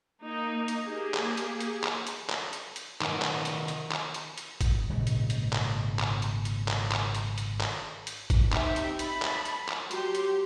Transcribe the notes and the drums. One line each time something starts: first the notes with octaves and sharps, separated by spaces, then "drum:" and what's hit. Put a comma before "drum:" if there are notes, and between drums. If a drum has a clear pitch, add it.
A#3 D#4
drum: hi-hat
A#3 G4 G#4
drum: clap
drum: hi-hat
drum: hi-hat
drum: clap
drum: hi-hat
drum: clap
drum: hi-hat
drum: hi-hat
D#3 B3, drum: clap
drum: clap
drum: hi-hat
drum: hi-hat
drum: clap
drum: hi-hat
drum: hi-hat
drum: kick, hi-hat
G#1 A#2 C#3 G#3
drum: hi-hat
drum: hi-hat
drum: clap
drum: clap
drum: hi-hat
drum: hi-hat
drum: clap
drum: clap
drum: hi-hat
drum: hi-hat
drum: clap
drum: hi-hat
drum: kick, hi-hat
C4 D#4 G4 E5 G5, drum: clap
drum: hi-hat
A5 B5, drum: hi-hat
drum: clap
drum: hi-hat
drum: clap
F#3 G4 C6, drum: hi-hat
drum: hi-hat